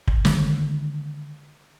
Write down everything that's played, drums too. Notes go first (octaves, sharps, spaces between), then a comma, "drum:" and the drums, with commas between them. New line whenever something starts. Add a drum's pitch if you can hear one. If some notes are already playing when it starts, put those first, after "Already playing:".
drum: kick
D3 D#3 G#3 A#3, drum: snare